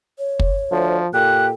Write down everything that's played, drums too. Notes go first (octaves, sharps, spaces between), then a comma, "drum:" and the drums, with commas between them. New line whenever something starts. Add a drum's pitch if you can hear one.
C#5
drum: kick
D2 F3
A#2 G4 A4 F#6